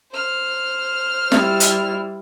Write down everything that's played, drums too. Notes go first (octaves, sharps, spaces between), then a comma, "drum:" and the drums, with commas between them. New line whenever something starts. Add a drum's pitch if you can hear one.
C5 F6
G3 E4, drum: snare
drum: hi-hat